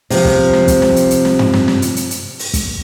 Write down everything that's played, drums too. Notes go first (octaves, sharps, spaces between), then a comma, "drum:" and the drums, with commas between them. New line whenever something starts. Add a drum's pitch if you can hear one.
C3 F3, drum: open hi-hat
drum: kick
drum: snare
drum: kick, hi-hat
drum: snare
drum: hi-hat
drum: hi-hat
drum: snare
drum: tom
drum: snare
drum: snare
drum: hi-hat
drum: hi-hat
drum: hi-hat
drum: open hi-hat
drum: kick, hi-hat